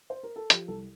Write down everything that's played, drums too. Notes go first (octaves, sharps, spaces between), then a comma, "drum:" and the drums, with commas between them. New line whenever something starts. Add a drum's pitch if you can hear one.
C5
A#4
A4
F3 G4, drum: hi-hat
C2 A4